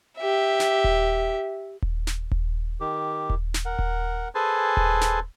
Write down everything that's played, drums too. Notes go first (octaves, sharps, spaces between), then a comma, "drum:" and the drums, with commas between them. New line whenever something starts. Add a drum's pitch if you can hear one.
G4 E5
drum: snare
drum: kick D#1
drum: kick D#1
drum: snare
drum: kick D#1
D#3 G4
drum: kick D#1
drum: snare
A#4 F#5
drum: kick D#1
G#4 A4 B4 C5 G#5 A5
drum: kick D#1
drum: snare